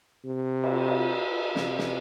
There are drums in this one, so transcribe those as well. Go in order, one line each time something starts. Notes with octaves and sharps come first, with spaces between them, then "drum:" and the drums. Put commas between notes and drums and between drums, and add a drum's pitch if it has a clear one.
C3
drum: cymbal
drum: cymbal
C3, drum: snare
drum: snare